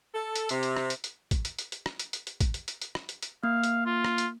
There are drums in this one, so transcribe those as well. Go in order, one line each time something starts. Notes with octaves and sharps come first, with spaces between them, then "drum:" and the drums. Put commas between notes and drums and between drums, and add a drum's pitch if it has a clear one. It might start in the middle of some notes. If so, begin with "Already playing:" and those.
A4
drum: hi-hat
C3, drum: hi-hat
drum: hi-hat
drum: rim click
drum: hi-hat
drum: hi-hat
drum: kick, hi-hat
drum: hi-hat
drum: hi-hat
drum: hi-hat
drum: rim click
drum: hi-hat
drum: hi-hat
drum: hi-hat
drum: kick, hi-hat
drum: hi-hat
drum: hi-hat
drum: hi-hat
drum: rim click
drum: hi-hat
drum: hi-hat
A#3 F5
drum: hi-hat
F4
drum: rim click
drum: hi-hat